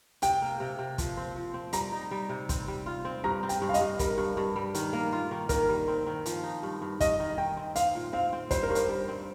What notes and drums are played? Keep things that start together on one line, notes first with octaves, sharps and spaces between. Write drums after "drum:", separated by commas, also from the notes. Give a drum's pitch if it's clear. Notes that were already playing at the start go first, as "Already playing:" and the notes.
C3 G5, drum: hi-hat
A#3
C3
C3
F3, drum: kick, hi-hat
C4
F3
C4
G3 A#5, drum: hi-hat
D#4
G3
C3
C4, drum: kick, hi-hat
G3
F4
C4
G2 A#5
C4
G5, drum: hi-hat
G2
F5
D#5, drum: hi-hat
G2
G3 A#4, drum: kick, hi-hat
G2
G2
G3
D#3, drum: hi-hat
A#3
F4
D#3
D#3 A#4, drum: kick, hi-hat
G3
C4
D#3
F3, drum: hi-hat
D#4
G2
G2
G2 D#5, drum: kick, hi-hat
D#3
D#3 G5
C4
C4 F5, drum: hi-hat
A#2
C4 F5
C4
G3 C5, drum: kick, hi-hat
A#4
G2
C5, drum: hi-hat
G3
C4